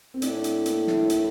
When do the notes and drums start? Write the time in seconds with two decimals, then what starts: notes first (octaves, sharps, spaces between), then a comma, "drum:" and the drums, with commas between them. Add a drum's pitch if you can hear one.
0.14 C4
0.22 A2 D4, drum: hi-hat
0.44 drum: hi-hat
0.66 A#3, drum: hi-hat
0.87 E4, drum: snare
1.10 E4, drum: hi-hat